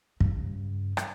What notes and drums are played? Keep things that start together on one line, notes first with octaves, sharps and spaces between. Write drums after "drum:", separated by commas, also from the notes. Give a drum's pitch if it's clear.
G2 C#3, drum: kick
drum: rim click